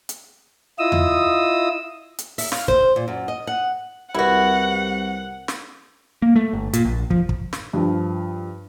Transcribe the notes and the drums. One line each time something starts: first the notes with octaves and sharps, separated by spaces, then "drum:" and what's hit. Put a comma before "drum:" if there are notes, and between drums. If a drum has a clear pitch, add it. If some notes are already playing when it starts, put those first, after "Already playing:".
drum: hi-hat
E4 F4 D#5 D#6 E6
drum: tom E2
drum: hi-hat
E5, drum: open hi-hat
F5, drum: snare
C5, drum: kick
A#2
F#2
D#5
F#5
C2 G3 E4 F#4 A#4 B4 F#5
drum: snare
A#3
A3
G1
A#2, drum: hi-hat
A#1
F3, drum: kick
drum: kick
drum: snare
G2 F3